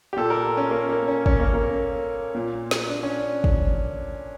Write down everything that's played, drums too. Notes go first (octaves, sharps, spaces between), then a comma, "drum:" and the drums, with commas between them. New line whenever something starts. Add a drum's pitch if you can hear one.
G4
A#2 A4
A#4
C#4
A#3
A#3
C#4
C#4, drum: kick
A#3
A#3
A#2
drum: snare
D4
C#4
drum: kick